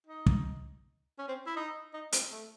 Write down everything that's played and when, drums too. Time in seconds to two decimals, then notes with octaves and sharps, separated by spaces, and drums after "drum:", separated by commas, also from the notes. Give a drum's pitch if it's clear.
0.07 D#4
0.26 drum: kick
1.19 C#4
1.28 C4
1.47 E4
1.56 D#4
1.93 D#4
2.12 C4, drum: hi-hat
2.31 A3